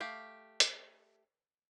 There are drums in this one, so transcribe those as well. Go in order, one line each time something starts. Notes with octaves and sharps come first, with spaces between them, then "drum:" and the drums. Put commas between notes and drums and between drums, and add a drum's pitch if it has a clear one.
A3 G4 F5
drum: hi-hat